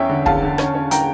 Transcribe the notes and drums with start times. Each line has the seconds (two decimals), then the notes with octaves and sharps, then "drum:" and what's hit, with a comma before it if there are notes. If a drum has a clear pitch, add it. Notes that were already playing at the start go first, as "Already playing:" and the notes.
Already playing: E2 C#4 E5 G5
0.09 D3
0.26 E2 F5 A5, drum: kick
0.43 D3
0.58 C#4, drum: rim click
0.74 C#4
0.91 G5 A#5, drum: hi-hat